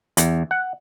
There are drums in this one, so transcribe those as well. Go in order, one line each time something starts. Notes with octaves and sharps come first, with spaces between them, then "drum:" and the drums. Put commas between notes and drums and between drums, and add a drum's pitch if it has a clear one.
E2, drum: hi-hat
F#5